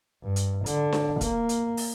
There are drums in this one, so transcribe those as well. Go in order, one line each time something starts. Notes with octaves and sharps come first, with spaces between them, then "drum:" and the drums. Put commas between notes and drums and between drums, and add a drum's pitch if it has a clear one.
G2
drum: hi-hat
D3, drum: hi-hat
drum: snare D4
A#3, drum: kick, hi-hat
drum: hi-hat
drum: open hi-hat